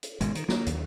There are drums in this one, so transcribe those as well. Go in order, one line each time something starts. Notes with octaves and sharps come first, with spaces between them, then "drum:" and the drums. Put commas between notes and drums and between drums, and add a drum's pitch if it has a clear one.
drum: hi-hat
G#1 B2 G#3, drum: hi-hat
D#3, drum: hi-hat
A#3, drum: snare
D#2, drum: hi-hat